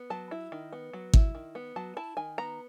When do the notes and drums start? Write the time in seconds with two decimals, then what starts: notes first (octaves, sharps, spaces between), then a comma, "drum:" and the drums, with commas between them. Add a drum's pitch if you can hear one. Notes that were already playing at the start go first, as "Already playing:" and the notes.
Already playing: B3
0.10 F#3 A5
0.31 E4
0.52 D#3
0.73 B3
0.93 F#3
1.13 E4, drum: kick
1.35 D#3
1.55 B3
1.76 F#3 A5
1.97 E4 A5
2.17 D#3 G#5
2.38 B3 A#5